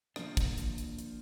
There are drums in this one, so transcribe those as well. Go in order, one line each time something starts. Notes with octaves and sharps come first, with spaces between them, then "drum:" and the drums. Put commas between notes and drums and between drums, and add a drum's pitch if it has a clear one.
F3 A#3 D4, drum: rim click
drum: kick, hi-hat
drum: hi-hat
drum: hi-hat
drum: hi-hat